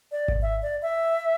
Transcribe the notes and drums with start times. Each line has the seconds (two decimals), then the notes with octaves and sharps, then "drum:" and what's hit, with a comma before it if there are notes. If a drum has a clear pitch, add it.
0.12 D5
0.28 drum: kick G#1
0.42 E5
0.62 D5
0.82 E5